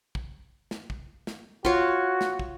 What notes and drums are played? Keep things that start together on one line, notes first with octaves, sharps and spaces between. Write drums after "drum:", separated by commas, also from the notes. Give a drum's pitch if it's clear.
drum: kick
drum: snare
drum: kick
drum: snare
F4 F#4 C#5, drum: kick
drum: snare
drum: kick